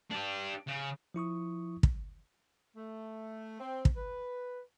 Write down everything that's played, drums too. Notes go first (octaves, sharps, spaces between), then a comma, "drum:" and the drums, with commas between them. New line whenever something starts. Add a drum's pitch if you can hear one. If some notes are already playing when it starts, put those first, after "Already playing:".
D4 G4
C#3
F3 E4 C#6 D#6
drum: kick
A3
C4
drum: kick
B4